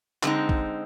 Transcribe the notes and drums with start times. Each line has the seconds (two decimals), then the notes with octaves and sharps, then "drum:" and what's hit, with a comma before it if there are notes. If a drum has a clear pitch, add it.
0.23 D3 G#3 C4 D#4, drum: clap
0.49 drum: kick